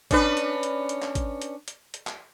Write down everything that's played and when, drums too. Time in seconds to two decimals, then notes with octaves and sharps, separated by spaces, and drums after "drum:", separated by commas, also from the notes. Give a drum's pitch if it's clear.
0.11 C#4 D4 B4, drum: kick G#1, hi-hat
0.37 drum: hi-hat
0.63 drum: hi-hat
0.89 drum: hi-hat
1.02 drum: clap
1.15 drum: kick G#1, hi-hat
1.42 drum: hi-hat
1.68 drum: hi-hat
1.94 drum: hi-hat
2.07 drum: clap